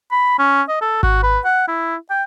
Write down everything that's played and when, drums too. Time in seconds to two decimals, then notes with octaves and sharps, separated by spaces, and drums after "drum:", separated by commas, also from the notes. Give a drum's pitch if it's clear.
0.11 B5
0.39 C#4
0.69 D#5
0.82 A4
1.03 F#4, drum: kick G#1
1.23 B4
1.45 F#5
1.68 E4
2.10 G5